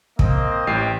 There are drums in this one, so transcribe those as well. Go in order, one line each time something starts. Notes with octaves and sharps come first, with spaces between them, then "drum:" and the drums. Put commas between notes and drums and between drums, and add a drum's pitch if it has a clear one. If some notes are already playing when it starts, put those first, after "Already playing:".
A#3 C4 D#5, drum: kick
A1 G4 G5 C7